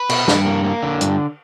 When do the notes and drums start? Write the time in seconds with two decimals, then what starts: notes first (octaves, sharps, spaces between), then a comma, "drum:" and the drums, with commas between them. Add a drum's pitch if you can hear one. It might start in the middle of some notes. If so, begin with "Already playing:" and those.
Already playing: B4
0.09 B2, drum: cymbal
0.28 G2, drum: snare
0.46 A#3
0.64 A#3
0.83 D3
1.01 G2, drum: hi-hat